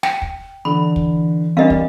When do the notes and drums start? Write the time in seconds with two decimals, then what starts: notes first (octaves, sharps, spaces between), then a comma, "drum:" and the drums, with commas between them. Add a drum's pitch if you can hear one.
0.03 G5, drum: snare
0.22 drum: kick
0.65 D3 E3 B5
0.96 drum: kick
1.57 G3 C4 D4 A#4 D#5 F5
1.70 drum: kick